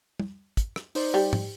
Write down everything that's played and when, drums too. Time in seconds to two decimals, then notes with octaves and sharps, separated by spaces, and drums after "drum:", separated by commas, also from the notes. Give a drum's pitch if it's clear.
0.20 drum: tom
0.57 drum: kick, hi-hat
0.76 drum: rim click
0.95 D#4 C5 D5, drum: open hi-hat
1.14 G3
1.33 drum: tom G#2